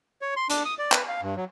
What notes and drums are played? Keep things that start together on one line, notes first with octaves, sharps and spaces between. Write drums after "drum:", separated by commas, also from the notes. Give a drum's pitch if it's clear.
C#5
C6
D4, drum: hi-hat
D#6
D5
B4, drum: clap
F5
G2
F#3